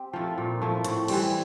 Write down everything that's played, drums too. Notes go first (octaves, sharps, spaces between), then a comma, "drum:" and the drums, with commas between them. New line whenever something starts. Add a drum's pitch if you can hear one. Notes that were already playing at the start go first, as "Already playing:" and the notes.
Already playing: C4 G4
F3 A3 E4
A#2
F3 A3 E4
A2, drum: hi-hat
E3 G3 C4, drum: cymbal